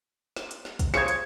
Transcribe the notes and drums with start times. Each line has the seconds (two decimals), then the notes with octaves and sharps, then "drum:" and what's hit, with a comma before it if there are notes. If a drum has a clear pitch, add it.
0.36 drum: snare
0.51 drum: hi-hat
0.65 drum: snare
0.79 drum: kick, hi-hat
0.94 G#4 C5 C#5 G#6 C#7, drum: snare
1.08 drum: hi-hat